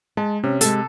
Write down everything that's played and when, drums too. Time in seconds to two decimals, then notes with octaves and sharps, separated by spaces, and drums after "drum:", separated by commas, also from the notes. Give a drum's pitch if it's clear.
0.17 G#3 A5
0.43 C3 C#4
0.61 G#3 G4 A4, drum: hi-hat